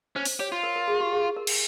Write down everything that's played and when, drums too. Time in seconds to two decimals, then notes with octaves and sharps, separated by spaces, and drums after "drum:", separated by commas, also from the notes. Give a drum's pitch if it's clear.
0.16 C#4 C5
0.25 drum: open hi-hat
0.40 G4 C#5
0.52 F4
0.63 A#4
0.76 A#4
0.88 G#4
1.01 G4
1.13 G#4
1.36 A#4
1.47 drum: cymbal